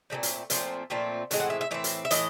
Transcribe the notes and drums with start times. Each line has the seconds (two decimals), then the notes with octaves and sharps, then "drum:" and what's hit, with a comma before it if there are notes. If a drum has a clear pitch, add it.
0.10 A#2 F3 A3 C4
0.23 drum: hi-hat
0.50 A#2 F3 A3 C4, drum: hi-hat
0.90 A#2 F3 A3 C4
1.31 A2 E3 G#3 C4, drum: hi-hat
1.40 F#5
1.50 E5
1.61 E5
1.71 A2 E3 C4 E5
1.84 drum: hi-hat
2.05 E5
2.11 A2 E3 D#5, drum: hi-hat